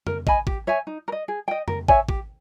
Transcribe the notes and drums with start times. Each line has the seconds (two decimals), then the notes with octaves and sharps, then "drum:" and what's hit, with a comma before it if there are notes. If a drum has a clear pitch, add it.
0.07 A#4, drum: tom F2
0.27 D#5 G#5 B5, drum: kick
0.47 G4, drum: kick
0.67 C#5 E5 G#5
0.87 D#4
1.08 A#4
1.12 D#5
1.28 G#4
1.48 D#5 G5
1.68 A#4, drum: tom F2
1.88 C#5 E5 G#5, drum: kick
2.09 G4, drum: kick